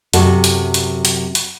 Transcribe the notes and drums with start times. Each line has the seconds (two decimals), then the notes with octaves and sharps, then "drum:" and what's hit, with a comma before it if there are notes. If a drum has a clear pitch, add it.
0.13 F#2 C3 F#4 A4, drum: hi-hat
0.44 drum: hi-hat
0.74 drum: hi-hat
1.05 drum: hi-hat
1.35 drum: hi-hat